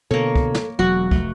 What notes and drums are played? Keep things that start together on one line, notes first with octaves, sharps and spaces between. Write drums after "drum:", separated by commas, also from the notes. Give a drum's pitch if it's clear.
B2 D3 A#3 A4 C#5
drum: kick
drum: snare
E1 F#3 F#4
F1 A3, drum: kick